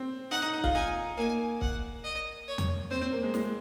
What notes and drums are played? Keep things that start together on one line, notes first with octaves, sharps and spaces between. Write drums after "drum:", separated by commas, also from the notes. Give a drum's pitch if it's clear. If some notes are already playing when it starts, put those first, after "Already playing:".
Already playing: C4
D#4 F#5
D#4
D#4
F4, drum: kick
D#4 G#5
A#3 G#5
F#5, drum: kick
D#5
C#5
drum: tom E2
C4 C5
C4
A#3
G#3
G#3, drum: snare